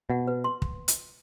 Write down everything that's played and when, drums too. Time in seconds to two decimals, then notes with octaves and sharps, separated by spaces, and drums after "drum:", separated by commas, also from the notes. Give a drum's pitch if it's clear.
0.10 B2 F#5
0.28 B4
0.44 C6
0.62 drum: kick
0.88 drum: hi-hat